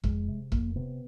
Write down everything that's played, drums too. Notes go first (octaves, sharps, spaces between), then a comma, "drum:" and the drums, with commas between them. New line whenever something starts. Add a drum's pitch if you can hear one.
F2 G#3, drum: kick
C3
F2 A#3, drum: kick
C3 B3